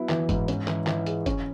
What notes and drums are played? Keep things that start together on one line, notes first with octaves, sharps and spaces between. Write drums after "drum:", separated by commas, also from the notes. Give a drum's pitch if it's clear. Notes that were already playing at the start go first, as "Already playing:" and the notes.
Already playing: F#3 B3 E4
E3, drum: clap
G#2, drum: kick, hi-hat
C#4, drum: hi-hat
E3, drum: clap
E3, drum: clap
G#4, drum: hi-hat
C#4, drum: kick, hi-hat